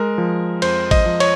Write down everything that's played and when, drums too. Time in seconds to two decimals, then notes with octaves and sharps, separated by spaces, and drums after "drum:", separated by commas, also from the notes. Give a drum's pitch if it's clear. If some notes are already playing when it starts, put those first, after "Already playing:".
Already playing: G#3 A#4
0.18 F3
0.62 F2 C5, drum: cymbal
0.91 D#5, drum: kick G#1, cymbal
1.06 F3
1.20 C#5, drum: cymbal